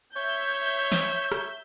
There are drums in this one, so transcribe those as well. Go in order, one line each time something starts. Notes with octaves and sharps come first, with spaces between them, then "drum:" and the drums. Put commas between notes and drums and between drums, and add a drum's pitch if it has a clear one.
C#5 E5 G6
drum: snare
drum: rim click